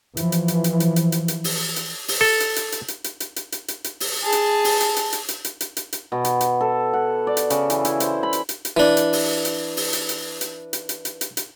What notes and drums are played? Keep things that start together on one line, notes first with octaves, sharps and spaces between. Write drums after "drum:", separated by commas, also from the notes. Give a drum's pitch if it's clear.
E3 F3, drum: hi-hat
drum: hi-hat
drum: hi-hat
drum: hi-hat
drum: hi-hat
drum: hi-hat
drum: hi-hat
drum: hi-hat
drum: open hi-hat
drum: hi-hat
drum: open hi-hat
A4
drum: hi-hat
drum: hi-hat
drum: hi-hat
drum: hi-hat
drum: hi-hat
drum: hi-hat
drum: hi-hat
drum: hi-hat
drum: hi-hat
drum: hi-hat
drum: open hi-hat
G#4 A5
drum: hi-hat
drum: open hi-hat
drum: hi-hat
drum: hi-hat
drum: hi-hat
drum: hi-hat
drum: hi-hat
drum: hi-hat
drum: hi-hat
drum: hi-hat
B2
drum: hi-hat
drum: hi-hat
A4
F#5
D5
drum: hi-hat
C#3, drum: hi-hat
E3, drum: hi-hat
E4, drum: hi-hat
C5, drum: hi-hat
B5
drum: hi-hat
drum: hi-hat
drum: hi-hat
E3 D4
drum: hi-hat
drum: open hi-hat
drum: hi-hat
drum: open hi-hat
drum: hi-hat
drum: hi-hat
drum: hi-hat
drum: hi-hat
drum: hi-hat
drum: hi-hat
drum: hi-hat
drum: hi-hat